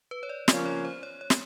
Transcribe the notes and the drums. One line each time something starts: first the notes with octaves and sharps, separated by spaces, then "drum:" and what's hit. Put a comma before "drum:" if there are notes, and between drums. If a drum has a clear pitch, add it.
B4
C#5
D5
C#3 F3 A#3 C#4 D5, drum: snare
C#5
C5
C#5
C#5
drum: snare